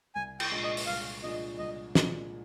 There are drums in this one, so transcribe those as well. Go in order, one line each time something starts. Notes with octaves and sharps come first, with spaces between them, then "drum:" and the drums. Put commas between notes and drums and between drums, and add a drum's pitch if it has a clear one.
C2 G#5
G5, drum: cymbal
A#2 F3 G#3 D4
D#5
drum: open hi-hat
C2 F5
A#2 F3 G#3 D4 D#5
C2 D#5
A#2 F3 G#3 D4, drum: snare